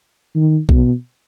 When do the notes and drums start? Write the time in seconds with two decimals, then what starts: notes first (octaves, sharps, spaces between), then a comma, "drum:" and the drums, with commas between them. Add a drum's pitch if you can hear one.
0.36 D#3
0.69 B2, drum: kick A#1